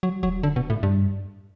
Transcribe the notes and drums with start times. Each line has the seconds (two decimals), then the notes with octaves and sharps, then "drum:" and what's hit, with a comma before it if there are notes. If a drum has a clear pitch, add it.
0.03 F#3
0.23 F#3, drum: kick D#1
0.43 D3
0.56 B2
0.70 A2
0.83 G2